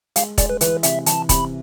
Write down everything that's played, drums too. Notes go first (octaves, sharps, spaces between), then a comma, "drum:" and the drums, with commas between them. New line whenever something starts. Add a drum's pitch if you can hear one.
G#3 F5, drum: hi-hat
G#3 D5, drum: kick, hi-hat
B4
E3 B4, drum: hi-hat
C3 E5, drum: hi-hat
E3 A5, drum: hi-hat
C3 B5, drum: kick, hi-hat